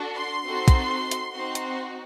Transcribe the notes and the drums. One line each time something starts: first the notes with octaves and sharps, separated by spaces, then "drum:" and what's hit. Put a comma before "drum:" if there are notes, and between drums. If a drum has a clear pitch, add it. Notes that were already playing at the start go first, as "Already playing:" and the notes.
Already playing: D4 F#4 A4
C6
C4 D#4 F#4 A4
drum: kick, hi-hat
drum: hi-hat
C4 D#4 F#4 C6
drum: hi-hat